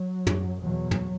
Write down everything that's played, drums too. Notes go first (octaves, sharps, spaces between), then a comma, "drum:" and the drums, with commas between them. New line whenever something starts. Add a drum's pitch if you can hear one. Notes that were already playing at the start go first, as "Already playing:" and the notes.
Already playing: F#3
F#2, drum: tom
E2 B2 F#3
drum: tom